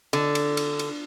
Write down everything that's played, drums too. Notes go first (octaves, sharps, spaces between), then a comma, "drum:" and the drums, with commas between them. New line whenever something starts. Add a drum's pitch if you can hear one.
D3, drum: cymbal
drum: cymbal
drum: cymbal
drum: cymbal